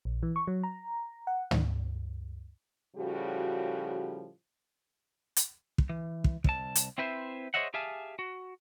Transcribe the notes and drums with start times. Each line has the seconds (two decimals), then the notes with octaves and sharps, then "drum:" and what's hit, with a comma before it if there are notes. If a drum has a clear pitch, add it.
0.05 A#1
0.23 E3
0.36 C#6
0.47 F#3
0.63 A#5
1.27 F#5
1.51 D#3, drum: tom
2.96 A2 C#3 F3 G3 F#4
5.37 drum: hi-hat
5.78 drum: kick
5.90 E3
6.24 drum: kick
6.44 C2 A5, drum: kick
6.75 drum: hi-hat
6.98 C4 E4 B4 C5 E5
7.54 G#4 C5 C#5 D#5 E5 F#5
7.74 G4 G#4 E5 F5 G#5 A5
8.19 F#4